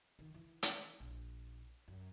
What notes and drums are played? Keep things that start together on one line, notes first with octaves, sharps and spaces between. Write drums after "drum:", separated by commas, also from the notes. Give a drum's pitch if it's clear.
D#3
E3
drum: hi-hat
A#1
F#2